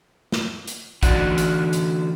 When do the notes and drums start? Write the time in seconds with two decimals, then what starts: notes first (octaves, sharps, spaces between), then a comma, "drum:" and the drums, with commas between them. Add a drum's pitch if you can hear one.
0.32 drum: snare
0.68 drum: hi-hat
1.03 D3 E3 D4 D#4 F#4 F#5, drum: kick A#1, hi-hat
1.38 drum: hi-hat
1.73 drum: hi-hat